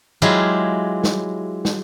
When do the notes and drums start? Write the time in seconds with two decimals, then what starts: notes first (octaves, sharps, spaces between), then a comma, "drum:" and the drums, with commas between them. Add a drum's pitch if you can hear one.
0.22 F#3 G#3 E4 F4 G4
1.04 drum: snare
1.65 drum: snare